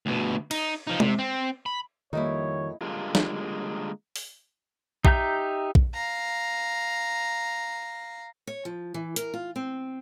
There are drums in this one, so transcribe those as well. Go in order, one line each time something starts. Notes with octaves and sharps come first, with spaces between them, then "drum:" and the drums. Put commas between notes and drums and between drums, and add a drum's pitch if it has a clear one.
D2 B2
D#4, drum: cymbal
F3 D#4
C3, drum: tom G#3
C4
B5
F2 D#3 G3 A#3 D#4 E4 C#5
D3 G3 G#3 A#3 F4
drum: snare
drum: open hi-hat
D#4 G4 E5 A#5 G6, drum: kick A#1
drum: kick A#1
F5 A#5
C#5
F3
E3
A#4, drum: hi-hat
F4
C4